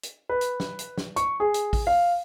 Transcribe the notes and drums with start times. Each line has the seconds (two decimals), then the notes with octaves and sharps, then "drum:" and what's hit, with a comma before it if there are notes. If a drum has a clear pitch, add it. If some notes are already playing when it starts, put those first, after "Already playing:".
0.03 drum: hi-hat
0.29 B4
0.41 drum: hi-hat
0.60 drum: snare
0.79 drum: hi-hat
0.98 drum: snare
1.16 C#6, drum: hi-hat
1.40 G#4
1.54 drum: hi-hat
1.73 drum: kick A1, open hi-hat
1.87 F5